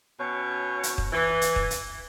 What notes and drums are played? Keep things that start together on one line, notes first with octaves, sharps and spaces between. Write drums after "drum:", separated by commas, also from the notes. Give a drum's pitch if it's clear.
B2 C#4 C#5
drum: hi-hat
drum: kick
E3
drum: hi-hat
drum: kick
drum: hi-hat